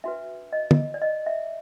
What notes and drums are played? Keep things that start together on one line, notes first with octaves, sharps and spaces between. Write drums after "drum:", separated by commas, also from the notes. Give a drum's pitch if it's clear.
D4 F#4 B4 E5
D#5
drum: tom
D5
D#5
E5